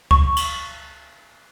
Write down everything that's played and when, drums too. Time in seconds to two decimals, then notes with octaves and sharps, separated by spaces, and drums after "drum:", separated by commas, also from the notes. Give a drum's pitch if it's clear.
0.11 C#6, drum: kick C#2
0.36 drum: cymbal